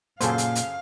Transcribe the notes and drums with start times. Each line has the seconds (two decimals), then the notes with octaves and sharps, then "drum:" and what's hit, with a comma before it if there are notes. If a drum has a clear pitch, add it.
0.21 F#2 A#2 C#3 G#4 A4 C5 F5, drum: hi-hat
0.38 drum: hi-hat
0.55 drum: hi-hat